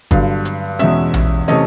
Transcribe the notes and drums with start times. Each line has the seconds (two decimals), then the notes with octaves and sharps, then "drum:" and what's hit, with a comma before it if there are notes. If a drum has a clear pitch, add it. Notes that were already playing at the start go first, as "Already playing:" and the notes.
0.11 G2 D3 F#3 F5, drum: kick G1, hi-hat
0.45 drum: hi-hat
0.79 E2 B2 G#3 C#4 E5, drum: hi-hat
1.14 drum: tom A#1
1.48 C3 E3 A3 C#4 D#5, drum: hi-hat